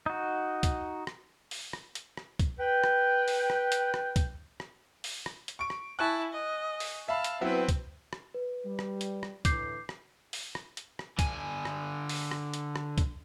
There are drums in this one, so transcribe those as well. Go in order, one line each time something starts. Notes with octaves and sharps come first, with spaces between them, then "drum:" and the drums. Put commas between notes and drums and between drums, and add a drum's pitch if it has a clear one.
D#4 F#4
drum: kick C2, hi-hat
drum: rim click
drum: open hi-hat
drum: rim click
drum: hi-hat
drum: rim click
drum: kick C2, hi-hat
B4 G5
drum: rim click
drum: open hi-hat
drum: rim click
drum: hi-hat
drum: rim click
drum: kick C2, hi-hat
drum: rim click
drum: open hi-hat
drum: rim click
drum: hi-hat
C#6 D7
drum: rim click
E4 G#5 A5 C#6 F#6
D#5
drum: open hi-hat
E5 F5 A5 B5 F6
drum: hi-hat
F#3 B3 C4 E4 B4
drum: kick C2, hi-hat
drum: rim click
B4
G3
drum: rim click
drum: hi-hat
drum: rim click
A2 D3 E3 D6 G6 C7, drum: kick C2, hi-hat
drum: rim click
drum: open hi-hat
drum: rim click
drum: hi-hat
drum: rim click
D3 G#5, drum: kick C2, hi-hat
drum: rim click
drum: open hi-hat
drum: rim click
drum: hi-hat
drum: rim click
drum: kick C2, hi-hat